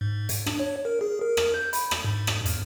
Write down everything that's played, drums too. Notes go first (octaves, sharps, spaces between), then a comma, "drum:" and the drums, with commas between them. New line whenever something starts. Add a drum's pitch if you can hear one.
G#2
drum: hi-hat
D4, drum: rim click
C#5
A#4
G#4
A#4
drum: rim click
G6
B5, drum: hi-hat
drum: rim click
G#2
drum: rim click
E2, drum: hi-hat